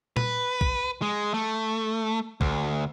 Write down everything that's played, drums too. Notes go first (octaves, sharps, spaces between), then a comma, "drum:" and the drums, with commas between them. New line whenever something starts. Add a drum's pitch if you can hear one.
B4, drum: tom A#2
drum: kick
G#3
A3
D2, drum: kick